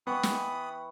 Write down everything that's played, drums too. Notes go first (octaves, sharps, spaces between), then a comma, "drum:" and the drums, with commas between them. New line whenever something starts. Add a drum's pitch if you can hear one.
E3 B3 G5 B5 C#6 D#6
drum: snare